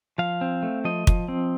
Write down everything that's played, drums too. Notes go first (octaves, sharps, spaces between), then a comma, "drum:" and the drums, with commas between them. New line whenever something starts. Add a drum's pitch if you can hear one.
F3 F5
C4
A3
F3 D#5
F3, drum: kick
C4